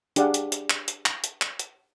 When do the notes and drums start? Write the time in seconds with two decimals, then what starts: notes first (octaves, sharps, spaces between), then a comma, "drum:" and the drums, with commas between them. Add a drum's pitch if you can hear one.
0.16 D4 G4 G#4 D5 F5 F#5, drum: hi-hat
0.34 drum: hi-hat
0.52 drum: hi-hat
0.70 drum: clap
0.88 drum: hi-hat
1.06 drum: clap
1.24 drum: hi-hat
1.42 drum: clap
1.59 drum: hi-hat